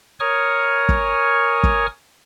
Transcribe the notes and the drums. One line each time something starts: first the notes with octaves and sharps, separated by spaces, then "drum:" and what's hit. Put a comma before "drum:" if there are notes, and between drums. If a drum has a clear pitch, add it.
A#4 C#5 G#5 C#6 D#6 F6
drum: kick
drum: kick